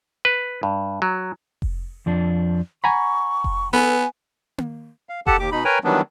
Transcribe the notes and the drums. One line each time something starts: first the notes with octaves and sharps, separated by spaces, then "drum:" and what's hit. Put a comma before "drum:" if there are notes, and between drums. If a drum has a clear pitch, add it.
B4
G2
F#3
drum: kick F1
F2 F3 D4
F#5 G#5 A#5 B5 C#6
drum: kick F1
B3 A4 B4 G#5
drum: tom A#3
F5
G4 A4 F#5 A5, drum: kick F1
D#2 G4 D6
B2 D#4 B5
A#4 B4 C#5 G5 G#5 A#5
D#3 E3 F#3 G3 B3 D4